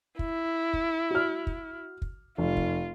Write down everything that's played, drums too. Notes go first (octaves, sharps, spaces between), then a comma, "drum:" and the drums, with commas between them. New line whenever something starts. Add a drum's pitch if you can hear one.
E4, drum: kick
drum: kick
F#4 F6
drum: kick
drum: kick
F1 F4
drum: kick